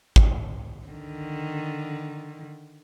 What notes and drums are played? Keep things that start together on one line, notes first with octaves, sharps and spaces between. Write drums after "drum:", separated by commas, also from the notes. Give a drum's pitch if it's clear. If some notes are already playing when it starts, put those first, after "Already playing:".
drum: kick G#1
D3 D#3